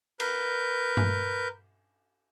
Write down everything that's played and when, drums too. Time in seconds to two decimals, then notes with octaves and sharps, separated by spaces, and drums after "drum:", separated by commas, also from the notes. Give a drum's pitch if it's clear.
0.20 A#4 B4 G6, drum: cymbal
0.97 drum: tom G2